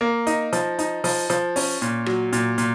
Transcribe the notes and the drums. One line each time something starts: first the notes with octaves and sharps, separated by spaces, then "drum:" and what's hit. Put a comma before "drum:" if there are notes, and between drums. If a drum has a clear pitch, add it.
A#3
D#4, drum: hi-hat
F3, drum: hi-hat
D#4, drum: hi-hat
F3, drum: open hi-hat
F3, drum: hi-hat
C#4, drum: open hi-hat
A#2, drum: hi-hat
F#3, drum: rim click
A#2, drum: hi-hat
A#2, drum: hi-hat